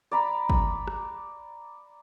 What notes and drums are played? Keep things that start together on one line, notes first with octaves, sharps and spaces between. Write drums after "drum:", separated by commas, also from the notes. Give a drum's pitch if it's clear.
D5 A#5 B5
drum: kick
drum: rim click